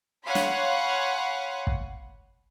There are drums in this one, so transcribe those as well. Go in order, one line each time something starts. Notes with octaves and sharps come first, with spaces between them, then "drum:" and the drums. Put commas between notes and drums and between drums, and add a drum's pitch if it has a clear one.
C#5 F5 F#5 G#5 B5 C6
drum: snare
drum: kick